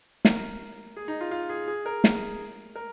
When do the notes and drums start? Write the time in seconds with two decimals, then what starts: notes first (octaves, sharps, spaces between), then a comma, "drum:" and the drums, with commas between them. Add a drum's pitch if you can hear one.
0.25 A#4, drum: snare
0.96 G#4
1.08 D#4
1.21 F4
1.31 F4
1.49 G#4
1.68 G#4
1.86 A#4
2.04 drum: snare
2.76 A#4